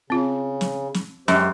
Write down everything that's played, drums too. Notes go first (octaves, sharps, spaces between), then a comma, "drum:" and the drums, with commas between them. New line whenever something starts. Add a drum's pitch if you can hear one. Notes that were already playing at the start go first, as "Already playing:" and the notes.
C#3 C4 F4
drum: snare
drum: snare
F#2 G#3 G4 C5, drum: snare